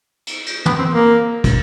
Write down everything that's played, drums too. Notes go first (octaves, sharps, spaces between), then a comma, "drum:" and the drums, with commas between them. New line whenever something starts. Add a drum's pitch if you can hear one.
drum: cymbal
drum: cymbal
B3, drum: tom
C4
A#3
drum: kick, cymbal